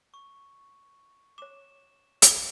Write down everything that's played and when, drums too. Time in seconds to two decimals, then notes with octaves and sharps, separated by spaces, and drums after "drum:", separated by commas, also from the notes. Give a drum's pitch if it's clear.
0.14 C#6
1.38 C#5 D6 E7
2.22 drum: hi-hat